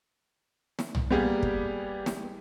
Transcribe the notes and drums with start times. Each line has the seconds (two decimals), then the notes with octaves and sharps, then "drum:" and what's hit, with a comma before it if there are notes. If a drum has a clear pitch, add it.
0.79 drum: snare
0.95 drum: tom
1.11 G3 A#3 B3 G4 G#4
1.42 drum: kick
2.06 drum: snare